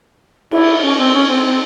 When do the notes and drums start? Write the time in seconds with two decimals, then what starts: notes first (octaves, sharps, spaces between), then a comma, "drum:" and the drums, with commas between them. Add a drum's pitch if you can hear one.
0.51 E4, drum: cymbal
0.82 C#4
0.98 C4
1.13 C#4
1.28 C4
1.44 C4